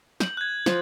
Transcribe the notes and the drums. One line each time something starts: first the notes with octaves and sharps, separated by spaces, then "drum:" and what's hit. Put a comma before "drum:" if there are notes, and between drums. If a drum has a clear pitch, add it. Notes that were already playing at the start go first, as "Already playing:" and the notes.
G6 F#7, drum: snare
F#6 G#6
F3, drum: snare